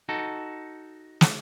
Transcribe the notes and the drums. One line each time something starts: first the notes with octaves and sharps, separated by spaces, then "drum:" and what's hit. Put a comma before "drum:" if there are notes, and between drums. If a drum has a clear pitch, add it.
D#4 F#4 A4
drum: snare